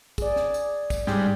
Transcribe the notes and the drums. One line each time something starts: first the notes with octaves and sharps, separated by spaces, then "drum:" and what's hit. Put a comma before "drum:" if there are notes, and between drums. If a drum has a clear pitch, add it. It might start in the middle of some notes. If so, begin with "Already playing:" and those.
G#4 D5, drum: kick, tambourine
drum: snare
drum: tambourine
drum: kick, tambourine
G#2 G3, drum: snare